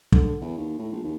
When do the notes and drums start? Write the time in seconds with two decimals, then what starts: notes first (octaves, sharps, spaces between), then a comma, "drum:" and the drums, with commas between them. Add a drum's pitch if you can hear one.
0.12 D3, drum: kick
0.24 D3
0.41 E2
0.58 D#2
0.79 A2
0.92 A#1
1.04 D#2